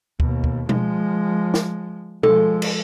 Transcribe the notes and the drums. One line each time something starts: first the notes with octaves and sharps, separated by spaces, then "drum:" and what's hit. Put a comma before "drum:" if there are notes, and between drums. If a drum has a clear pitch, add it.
D#2 B2, drum: kick D2
drum: kick D2
F3 G#3, drum: tom B2
drum: snare
F3 G#3 A4, drum: tom B2
drum: cymbal